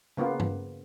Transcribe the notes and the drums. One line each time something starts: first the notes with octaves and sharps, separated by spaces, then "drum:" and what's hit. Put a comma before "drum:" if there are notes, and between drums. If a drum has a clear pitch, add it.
C#3 A#3 B3 F4
drum: tom G2